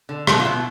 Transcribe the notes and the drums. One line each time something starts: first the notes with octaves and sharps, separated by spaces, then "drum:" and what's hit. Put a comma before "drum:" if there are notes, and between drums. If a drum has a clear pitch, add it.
D3
B2 A3, drum: rim click
F4
B2 E4